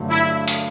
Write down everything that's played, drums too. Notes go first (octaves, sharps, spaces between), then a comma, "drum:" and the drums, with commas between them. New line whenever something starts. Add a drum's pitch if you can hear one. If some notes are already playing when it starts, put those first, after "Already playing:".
Already playing: G2 D3 F#3 A3
E4
drum: hi-hat